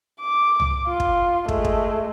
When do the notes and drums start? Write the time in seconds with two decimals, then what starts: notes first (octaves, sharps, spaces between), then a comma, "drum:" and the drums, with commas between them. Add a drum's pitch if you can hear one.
0.21 D6
0.60 drum: tom C2
0.89 F4
1.00 drum: kick
1.48 G#3 A3, drum: kick
1.65 drum: kick